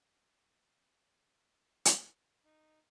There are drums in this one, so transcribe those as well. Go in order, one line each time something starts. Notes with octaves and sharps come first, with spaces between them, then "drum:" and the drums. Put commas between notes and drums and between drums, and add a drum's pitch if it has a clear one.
drum: hi-hat
D#4